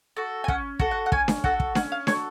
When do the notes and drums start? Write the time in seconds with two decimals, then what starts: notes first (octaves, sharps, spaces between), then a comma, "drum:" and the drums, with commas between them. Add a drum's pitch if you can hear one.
0.17 F#4 A4
0.44 G#5
0.48 C#4 F#5, drum: kick
0.80 F#4 A4, drum: kick
0.91 F#5
1.06 F#5
1.12 C#4 G#5, drum: kick
1.28 drum: snare D4
1.44 F#4 A4 F#5, drum: kick
1.60 drum: kick
1.75 C#4 F#5, drum: snare D4
1.92 F5
2.07 F#4 A4 C#5, drum: snare D4